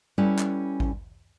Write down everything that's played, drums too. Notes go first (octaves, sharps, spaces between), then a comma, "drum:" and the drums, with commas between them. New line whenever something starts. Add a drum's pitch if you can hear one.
G3 C#4 E4 A4 B4
drum: clap
drum: kick G#1